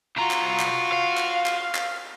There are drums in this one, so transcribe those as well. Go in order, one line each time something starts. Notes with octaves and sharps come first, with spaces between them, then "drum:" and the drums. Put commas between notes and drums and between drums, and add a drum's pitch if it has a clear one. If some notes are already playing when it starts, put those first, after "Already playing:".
C2 F4 F#4 A#5
drum: clap
drum: clap
F5
drum: clap
drum: clap
drum: clap